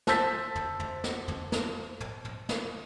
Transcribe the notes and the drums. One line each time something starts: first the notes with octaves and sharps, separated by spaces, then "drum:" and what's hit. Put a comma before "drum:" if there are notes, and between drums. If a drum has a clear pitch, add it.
C5 A5 E6 G6 A6 B6, drum: snare
drum: tom
drum: tom
drum: snare
drum: tom
drum: snare
drum: tom
drum: tom
drum: snare